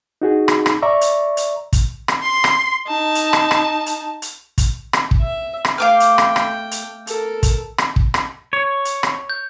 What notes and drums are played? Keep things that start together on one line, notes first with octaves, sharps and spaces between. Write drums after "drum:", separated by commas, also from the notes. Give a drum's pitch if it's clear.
D#4 F#4 G#4
drum: rim click
drum: rim click
D5 E5 A#5 C#6
drum: hi-hat
drum: hi-hat
drum: kick, hi-hat
drum: rim click
C6
drum: rim click
D#4 A5
drum: hi-hat
drum: rim click
drum: rim click
drum: hi-hat
drum: hi-hat
drum: kick, hi-hat
drum: rim click
drum: kick
E5
drum: rim click
A3 F5 G5 D6 F6
drum: hi-hat
drum: rim click
drum: rim click
drum: hi-hat
A4 A#4, drum: hi-hat
drum: kick, hi-hat
drum: rim click
drum: kick
drum: rim click
C#5
drum: hi-hat
drum: rim click
G6